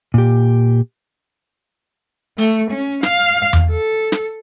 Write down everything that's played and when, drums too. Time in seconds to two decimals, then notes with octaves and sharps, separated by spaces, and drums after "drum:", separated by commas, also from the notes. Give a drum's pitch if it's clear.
0.14 A#2 G4
2.38 A3, drum: open hi-hat
2.70 C#4
3.03 F5, drum: snare
3.53 drum: tom E2
3.71 A4
4.12 drum: snare